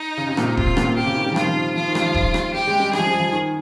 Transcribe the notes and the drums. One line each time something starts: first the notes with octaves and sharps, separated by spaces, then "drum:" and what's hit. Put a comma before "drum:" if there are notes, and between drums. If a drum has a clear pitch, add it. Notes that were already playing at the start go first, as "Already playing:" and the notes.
Already playing: D#4
C#3
C3
A#2, drum: rim click
C3
C3 F4, drum: kick D#1
A#2, drum: rim click
A#2
C3 G4
C#3
D#3
G3
F3
D#3 F4, drum: rim click
F3
F3 F4
D#3
G3, drum: rim click
F3
drum: kick D#1
drum: rim click
G3 G4
G#3
G3
G#4, drum: rim click
F3
G3
F3
D#3